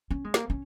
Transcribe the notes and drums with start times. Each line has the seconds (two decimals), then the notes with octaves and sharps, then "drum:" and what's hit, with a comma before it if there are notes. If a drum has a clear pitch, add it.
0.11 C#4
0.24 G#3
0.34 A#3, drum: snare
0.50 C#4